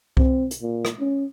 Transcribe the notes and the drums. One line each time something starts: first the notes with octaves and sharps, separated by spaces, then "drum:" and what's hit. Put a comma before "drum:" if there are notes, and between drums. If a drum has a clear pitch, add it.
C4, drum: kick C2
drum: hi-hat
A#2
drum: rim click
C#4